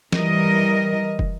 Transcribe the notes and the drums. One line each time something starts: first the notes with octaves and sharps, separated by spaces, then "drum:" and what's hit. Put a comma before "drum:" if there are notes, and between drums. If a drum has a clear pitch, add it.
E3 G3 A#4 D#5, drum: snare F3
drum: kick